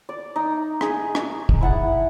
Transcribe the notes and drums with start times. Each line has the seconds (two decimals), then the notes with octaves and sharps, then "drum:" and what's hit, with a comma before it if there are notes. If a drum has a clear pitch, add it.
0.09 D5
0.36 D#4
0.81 G#4, drum: rim click
1.15 drum: rim click
1.49 drum: kick
1.61 E4 F#5 A5